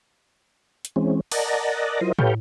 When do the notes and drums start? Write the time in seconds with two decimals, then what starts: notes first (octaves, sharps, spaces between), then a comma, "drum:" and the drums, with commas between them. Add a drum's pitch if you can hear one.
0.85 drum: hi-hat
0.96 E3 G#3 C4 C#4
1.32 A#4 D5 D#5 F#5 A5 A#5, drum: cymbal
2.01 F#3 E4 F4 A#4 C5 D#5
2.19 G4 A4 B4 C#5 F5 G5, drum: tom